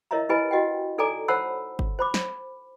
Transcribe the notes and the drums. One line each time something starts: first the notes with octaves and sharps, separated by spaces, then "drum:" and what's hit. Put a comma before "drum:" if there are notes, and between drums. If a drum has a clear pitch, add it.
E4 A#4 C#5 D#5 E5 A#5
E4 G4 B4 D#5 G#5 B5
E4 F#4 D#5 F#5 G5
D#4 A4 D5 G#5 A#5 D6
C5 C#5 F#5 A5 B5 E6
drum: kick G1
C5 B5 D6
drum: snare